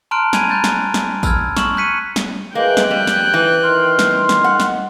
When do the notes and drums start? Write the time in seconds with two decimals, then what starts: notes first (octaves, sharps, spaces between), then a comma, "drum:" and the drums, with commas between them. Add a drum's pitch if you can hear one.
0.11 A5 A#5 C6 F6 F#6 D7
0.33 G#5 B5 G#6 D7 D#7 F7, drum: snare
0.49 A#5 B5 F#6 G6 A6 F7
0.64 drum: snare
0.94 drum: snare
1.23 B5 E6 F6 G#6, drum: kick A1, tambourine
1.57 C#6 F6 E7 F#7, drum: snare
1.77 F#6 G#6 B6 C#7 D#7
2.16 drum: snare
2.55 E3 G#3 A#3 G5 F#6 G6
2.77 drum: snare
2.91 F2 G3
3.07 drum: snare
3.34 E3
3.63 D#3 C6 F6
3.99 drum: snare
4.29 drum: snare
4.44 F#5
4.60 drum: snare